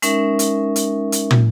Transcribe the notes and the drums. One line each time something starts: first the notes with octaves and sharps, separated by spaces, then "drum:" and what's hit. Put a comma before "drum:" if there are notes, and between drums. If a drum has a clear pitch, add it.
G#3 C#4 D#4 A#4 E5, drum: hi-hat
drum: hi-hat
drum: hi-hat
drum: hi-hat
drum: tom